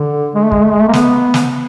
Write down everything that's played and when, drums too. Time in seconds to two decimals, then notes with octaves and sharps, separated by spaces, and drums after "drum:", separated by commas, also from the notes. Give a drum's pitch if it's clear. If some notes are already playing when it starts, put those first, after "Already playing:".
Already playing: D3
0.35 G#3
0.43 A3
0.52 G#3, drum: kick
0.64 A3
0.72 G#3
0.80 A3
0.88 A#3
0.93 B3, drum: snare
1.34 drum: snare